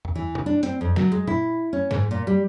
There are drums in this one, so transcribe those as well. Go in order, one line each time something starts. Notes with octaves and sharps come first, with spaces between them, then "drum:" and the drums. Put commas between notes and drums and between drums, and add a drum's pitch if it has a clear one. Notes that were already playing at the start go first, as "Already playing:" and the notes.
drum: tom E2
E3
drum: tom
D4
C4, drum: hi-hat
F2
F#3, drum: snare
G#3
E4, drum: tom A#2
C#4
G#2, drum: snare
A#2
G3